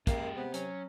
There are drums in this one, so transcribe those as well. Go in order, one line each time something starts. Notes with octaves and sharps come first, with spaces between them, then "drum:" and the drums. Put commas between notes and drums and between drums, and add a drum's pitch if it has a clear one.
F#2 G#3 A#3 G4, drum: kick, hi-hat
C3 B3
F#3 C#4, drum: hi-hat